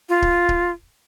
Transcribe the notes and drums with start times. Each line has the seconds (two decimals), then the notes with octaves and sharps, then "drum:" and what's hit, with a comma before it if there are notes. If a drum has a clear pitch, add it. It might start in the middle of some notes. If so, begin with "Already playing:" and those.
0.09 F4
0.22 drum: kick D1
0.49 drum: kick D1